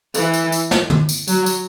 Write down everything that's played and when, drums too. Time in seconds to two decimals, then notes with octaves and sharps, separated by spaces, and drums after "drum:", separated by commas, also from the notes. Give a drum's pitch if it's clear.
0.14 E3, drum: tambourine
0.34 drum: tambourine
0.52 drum: tambourine
0.71 drum: snare
0.90 drum: tom
1.09 drum: tambourine
1.28 F#3, drum: tambourine
1.46 drum: tambourine